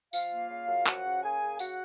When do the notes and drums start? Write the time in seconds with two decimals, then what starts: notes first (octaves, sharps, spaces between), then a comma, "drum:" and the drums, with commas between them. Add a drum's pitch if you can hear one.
0.13 F3 F4 F5, drum: tambourine
0.32 A#3
0.50 C#3
0.68 F#2
0.86 F3 F#4 F#5, drum: clap
1.05 C#3
1.23 A#3 G#4 G#5
1.42 C#3
1.59 F#4 F#5, drum: tambourine